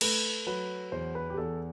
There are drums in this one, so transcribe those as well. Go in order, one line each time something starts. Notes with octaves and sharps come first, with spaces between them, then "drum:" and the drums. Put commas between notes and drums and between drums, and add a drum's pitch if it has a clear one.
A3 B4, drum: cymbal
F#3 B4
E2 C5
B4
G4
E2 A4